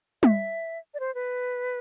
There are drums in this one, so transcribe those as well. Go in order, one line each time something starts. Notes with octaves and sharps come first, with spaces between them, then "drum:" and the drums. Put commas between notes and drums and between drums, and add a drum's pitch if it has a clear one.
E5, drum: tom
D5
C5
B4